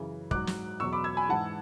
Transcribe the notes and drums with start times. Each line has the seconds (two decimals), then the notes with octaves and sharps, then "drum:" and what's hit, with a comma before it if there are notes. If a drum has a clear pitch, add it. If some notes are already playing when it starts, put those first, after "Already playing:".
Already playing: F#2 C#3 E3
0.31 G#2 F#3 D6 F#6, drum: kick
0.47 drum: snare
0.80 E2 B2 F#3 C#6 E6
0.92 B5 D6
1.04 E6 G#6
1.17 G#5 B5
1.29 G#2 E3 F#5 A5